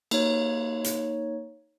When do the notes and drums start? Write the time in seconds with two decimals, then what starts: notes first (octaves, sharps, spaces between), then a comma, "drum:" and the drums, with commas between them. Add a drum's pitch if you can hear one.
0.11 A#3 D#4 C#5, drum: cymbal
0.84 drum: hi-hat